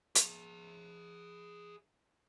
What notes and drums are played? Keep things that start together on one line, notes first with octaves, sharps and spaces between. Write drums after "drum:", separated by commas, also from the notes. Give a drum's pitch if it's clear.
G#4 E5, drum: hi-hat